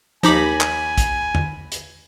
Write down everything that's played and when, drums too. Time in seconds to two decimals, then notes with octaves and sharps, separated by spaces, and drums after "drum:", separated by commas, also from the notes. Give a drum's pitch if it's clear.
0.23 D#2 F3 D#4 G#5 B5 D6 A#6, drum: hi-hat
0.60 drum: clap
0.98 drum: kick, hi-hat
1.35 drum: tom E2
1.72 drum: hi-hat